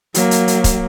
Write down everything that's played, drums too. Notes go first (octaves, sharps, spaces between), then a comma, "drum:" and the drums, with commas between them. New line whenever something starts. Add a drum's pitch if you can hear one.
F#3 A#3, drum: hi-hat
drum: hi-hat
drum: hi-hat
drum: kick, hi-hat